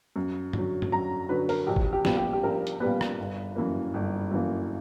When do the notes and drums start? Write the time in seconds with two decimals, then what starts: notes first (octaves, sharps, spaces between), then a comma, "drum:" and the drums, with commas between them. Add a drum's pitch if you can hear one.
0.16 F#2
0.53 D3 F#3, drum: tom G2
0.82 drum: tom G2
0.92 F#2 A#5
1.29 D3 F#3 B4
1.49 A#4, drum: open hi-hat
1.67 A#1 G4
1.76 drum: kick G#1
1.93 G4
2.05 A#2 G3 B3, drum: snare
2.17 G4
2.33 G4
2.43 A#1 A#4
2.67 drum: hi-hat
2.80 A#2 G3 B3 B4
3.01 drum: rim click
3.18 G1
3.56 F#2 E3 A#3
3.94 G1
4.31 F#2 E3 A#3